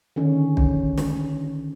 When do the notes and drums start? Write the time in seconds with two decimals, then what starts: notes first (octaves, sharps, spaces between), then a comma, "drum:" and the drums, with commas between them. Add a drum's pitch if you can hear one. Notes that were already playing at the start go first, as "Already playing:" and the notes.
0.16 D3 D#3 C#4
0.57 drum: kick
0.98 drum: snare